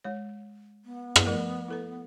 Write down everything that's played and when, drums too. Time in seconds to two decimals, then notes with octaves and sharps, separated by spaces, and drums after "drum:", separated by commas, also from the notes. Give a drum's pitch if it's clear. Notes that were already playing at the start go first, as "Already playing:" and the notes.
0.04 G#3 C#5
0.85 B3
1.16 drum: rim click
1.25 F3 A3 A#4
1.68 E4 A4 B4